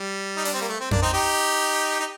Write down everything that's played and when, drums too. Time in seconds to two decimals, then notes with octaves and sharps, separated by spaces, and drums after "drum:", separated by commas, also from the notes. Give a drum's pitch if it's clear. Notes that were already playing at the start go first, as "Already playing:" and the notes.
Already playing: G3
0.37 D#4
0.45 D4, drum: open hi-hat
0.54 C4
0.61 A#3
0.68 A3
0.81 C4
0.91 A#3 D4, drum: tom F2
1.02 C4 D#4
1.13 D#4 G4
2.00 D#4